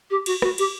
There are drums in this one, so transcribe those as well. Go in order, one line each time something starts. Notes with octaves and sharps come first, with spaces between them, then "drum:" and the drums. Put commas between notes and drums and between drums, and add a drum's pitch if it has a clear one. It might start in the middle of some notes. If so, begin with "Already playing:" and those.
G4
F#4, drum: cymbal
F#4, drum: rim click
G4, drum: cymbal